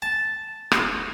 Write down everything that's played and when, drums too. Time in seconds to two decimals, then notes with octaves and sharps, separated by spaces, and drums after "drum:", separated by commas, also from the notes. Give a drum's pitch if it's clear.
0.02 A5
0.71 drum: rim click